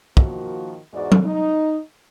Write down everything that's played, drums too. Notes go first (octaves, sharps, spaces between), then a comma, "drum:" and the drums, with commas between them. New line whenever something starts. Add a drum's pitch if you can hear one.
D#3 F3 A#3 F#4, drum: kick
E2 G#2 G#3 F#4 D5
drum: tom F#3
D#4